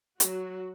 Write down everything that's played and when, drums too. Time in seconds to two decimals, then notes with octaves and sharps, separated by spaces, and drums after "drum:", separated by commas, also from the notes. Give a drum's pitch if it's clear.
0.20 F#3 F#4, drum: hi-hat